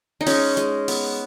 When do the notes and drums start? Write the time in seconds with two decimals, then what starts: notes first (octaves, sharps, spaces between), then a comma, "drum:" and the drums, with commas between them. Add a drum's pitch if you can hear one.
0.21 D#4
0.26 G#3 C#4, drum: open hi-hat
0.57 G#3, drum: hi-hat
0.88 B3, drum: open hi-hat